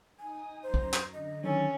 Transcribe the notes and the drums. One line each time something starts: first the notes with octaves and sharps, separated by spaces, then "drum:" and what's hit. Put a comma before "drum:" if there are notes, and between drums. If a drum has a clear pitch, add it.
D#4 G#5 D#6
F#2 C5 A#5
drum: kick
drum: clap
D3 D#5
D#3 F#3 C#4 D#4 A4